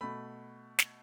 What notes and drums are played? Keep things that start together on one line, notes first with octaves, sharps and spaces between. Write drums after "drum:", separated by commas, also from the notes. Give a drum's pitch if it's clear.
B2 A3 B5
drum: snare